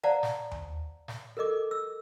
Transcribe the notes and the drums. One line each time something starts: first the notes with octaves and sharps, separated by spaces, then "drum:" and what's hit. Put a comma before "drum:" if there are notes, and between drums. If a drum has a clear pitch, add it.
C5 D5 F5 F#5 A5 A#5
drum: snare
drum: tom D#2
drum: snare
A4 A#4 D#5 D6
E6